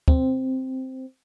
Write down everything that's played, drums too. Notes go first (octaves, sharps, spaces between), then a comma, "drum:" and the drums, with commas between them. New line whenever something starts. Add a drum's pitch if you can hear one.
C4, drum: kick